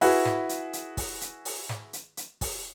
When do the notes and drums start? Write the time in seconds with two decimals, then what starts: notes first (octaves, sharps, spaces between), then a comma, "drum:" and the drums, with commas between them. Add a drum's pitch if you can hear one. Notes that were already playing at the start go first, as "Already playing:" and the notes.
0.01 E4 F#4 G#4 B4, drum: open hi-hat
0.25 drum: snare
0.49 drum: hi-hat
0.73 drum: hi-hat
0.97 drum: kick, open hi-hat
1.21 drum: hi-hat
1.45 drum: open hi-hat
1.69 drum: snare
1.93 drum: hi-hat
2.17 drum: hi-hat
2.41 drum: kick, open hi-hat